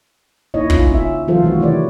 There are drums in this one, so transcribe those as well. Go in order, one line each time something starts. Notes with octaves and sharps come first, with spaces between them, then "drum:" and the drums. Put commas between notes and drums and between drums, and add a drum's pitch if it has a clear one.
A#3 D#4 E4 C#5 D#5
C#4 F4, drum: kick
C#4 E5
E3 F#3 F4 A4 C5
C3 D#3 A3 F#4
E3 E4 C#5 D5